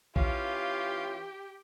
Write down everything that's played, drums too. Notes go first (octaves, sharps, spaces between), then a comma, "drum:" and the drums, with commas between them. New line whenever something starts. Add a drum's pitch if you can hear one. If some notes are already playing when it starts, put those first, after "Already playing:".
E3 C#4 F4 G4 F5, drum: kick A#1